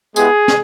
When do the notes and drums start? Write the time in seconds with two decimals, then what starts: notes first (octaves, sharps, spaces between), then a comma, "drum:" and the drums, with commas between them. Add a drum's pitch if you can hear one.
0.16 G#3 B3 E4 G4 G#4, drum: tambourine
0.48 drum: snare